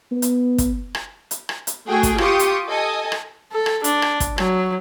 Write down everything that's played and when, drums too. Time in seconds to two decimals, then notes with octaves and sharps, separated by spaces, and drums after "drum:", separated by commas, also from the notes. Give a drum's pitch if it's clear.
0.12 B3
0.22 drum: hi-hat
0.58 drum: kick, hi-hat
0.95 drum: rim click
1.31 drum: hi-hat
1.49 drum: rim click
1.67 drum: hi-hat
1.89 A3 F#4 G#4 G5 G#5
2.03 drum: kick, hi-hat
2.18 F4 G4 G5 C6 C#6 D#6, drum: rim click
2.39 drum: hi-hat
2.68 A4 D#5 G#5
3.12 drum: rim click
3.52 A4
3.66 drum: rim click
3.84 D4, drum: hi-hat
4.02 drum: rim click
4.20 drum: kick, hi-hat
4.38 F#3, drum: rim click